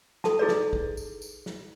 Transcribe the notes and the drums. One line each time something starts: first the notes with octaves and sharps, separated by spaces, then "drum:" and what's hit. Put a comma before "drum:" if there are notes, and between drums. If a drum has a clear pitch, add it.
A4 A5, drum: snare
D#4 E4 G#4 A4 B4 D5
drum: snare
drum: kick
drum: tambourine
drum: tambourine
drum: snare